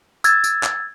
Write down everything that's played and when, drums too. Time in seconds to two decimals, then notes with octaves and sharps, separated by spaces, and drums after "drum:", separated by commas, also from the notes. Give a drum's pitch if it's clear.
0.24 E6 G#6 A6, drum: tambourine
0.44 drum: tambourine
0.63 drum: clap